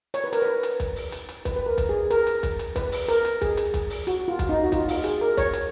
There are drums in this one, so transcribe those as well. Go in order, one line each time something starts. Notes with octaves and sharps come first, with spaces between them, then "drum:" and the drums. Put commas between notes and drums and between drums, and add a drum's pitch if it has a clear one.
C#5, drum: hi-hat
B4
A#4, drum: hi-hat
B4
drum: hi-hat
drum: kick, hi-hat
drum: open hi-hat
drum: hi-hat
drum: hi-hat
B4, drum: kick, hi-hat
B4
A#4
drum: kick, hi-hat
G#4
A#4, drum: hi-hat
drum: hi-hat
drum: kick, hi-hat
drum: hi-hat
B4, drum: kick, hi-hat
drum: open hi-hat
A#4, drum: hi-hat
drum: hi-hat
G#4, drum: kick, hi-hat
drum: hi-hat
drum: kick, hi-hat
drum: open hi-hat
F#4, drum: hi-hat
F4
drum: kick, hi-hat
D#4
F#4
F4, drum: kick, hi-hat
F4, drum: open hi-hat
G#4, drum: hi-hat
A#4
C#5, drum: kick, hi-hat
drum: hi-hat